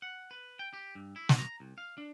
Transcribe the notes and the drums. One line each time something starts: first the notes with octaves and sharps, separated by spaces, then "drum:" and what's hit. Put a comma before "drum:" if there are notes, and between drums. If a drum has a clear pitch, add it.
F#5
B4
G5
G4
G2
E4
drum: snare
A#5
C2
F5
D4